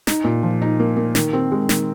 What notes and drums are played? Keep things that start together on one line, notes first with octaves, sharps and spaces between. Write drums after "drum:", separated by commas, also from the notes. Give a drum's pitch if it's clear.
D#4, drum: snare
A#2
F3
D#4
A#3
A#3
D#3, drum: snare
C4
G#3
D#3, drum: snare